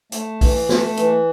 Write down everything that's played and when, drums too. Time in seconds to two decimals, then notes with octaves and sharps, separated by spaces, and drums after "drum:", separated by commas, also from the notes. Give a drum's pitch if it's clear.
0.12 A3, drum: hi-hat
0.41 E3, drum: kick, open hi-hat
0.69 A3, drum: snare
0.97 E3, drum: hi-hat